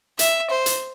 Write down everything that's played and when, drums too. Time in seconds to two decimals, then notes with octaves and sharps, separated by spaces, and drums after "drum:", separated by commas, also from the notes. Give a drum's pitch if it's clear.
0.19 E5, drum: hi-hat
0.50 C5
0.66 drum: hi-hat